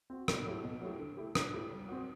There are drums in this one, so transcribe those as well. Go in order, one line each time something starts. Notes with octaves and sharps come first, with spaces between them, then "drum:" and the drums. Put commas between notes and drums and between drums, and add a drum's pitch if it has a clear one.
C4 F#4
B2, drum: rim click
F#3 A3 E4 G4
B2
F#3 A3 E4 G4
D3
A3 E4 G4
D3, drum: rim click
A3 E4 G4
G3
C4 F#4